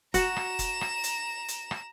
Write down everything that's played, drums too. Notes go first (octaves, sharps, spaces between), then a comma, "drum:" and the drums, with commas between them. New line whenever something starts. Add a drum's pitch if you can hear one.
F#4 A#5 E7, drum: kick F1, hi-hat
drum: rim click
drum: kick F1, hi-hat
drum: rim click
drum: hi-hat
drum: hi-hat
drum: rim click